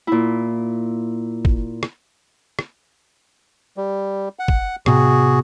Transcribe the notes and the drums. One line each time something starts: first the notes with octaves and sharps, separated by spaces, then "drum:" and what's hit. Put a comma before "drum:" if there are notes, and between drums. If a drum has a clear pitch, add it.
A#2 E4
drum: kick
drum: rim click
drum: rim click
G3
F#5
drum: kick
A2 C3 B3 F#4 G#4, drum: rim click